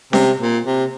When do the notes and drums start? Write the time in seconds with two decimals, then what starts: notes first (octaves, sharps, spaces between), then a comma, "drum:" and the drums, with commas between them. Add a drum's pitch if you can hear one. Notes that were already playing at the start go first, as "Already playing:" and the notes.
0.13 C3, drum: snare C#4
0.40 A#2
0.66 C3